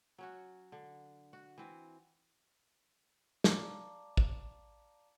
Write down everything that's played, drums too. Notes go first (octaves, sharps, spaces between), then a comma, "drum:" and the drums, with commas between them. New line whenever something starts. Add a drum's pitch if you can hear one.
F#3 C#4 F#4
D3
F#4
E3 C4
D5 F5 A5 A#5 D6, drum: snare
drum: kick A1